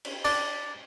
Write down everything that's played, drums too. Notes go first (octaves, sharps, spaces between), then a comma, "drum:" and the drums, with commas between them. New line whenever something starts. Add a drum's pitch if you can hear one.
drum: cymbal
D4, drum: cymbal